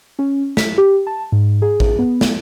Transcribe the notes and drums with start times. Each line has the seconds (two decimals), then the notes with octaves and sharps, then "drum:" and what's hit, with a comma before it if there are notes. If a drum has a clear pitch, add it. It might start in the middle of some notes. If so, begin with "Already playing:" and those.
0.19 C#4
0.57 B6, drum: snare
0.78 G4
1.07 A5
1.32 G#2
1.62 G#4
1.80 drum: kick A1
1.99 B3
2.21 drum: snare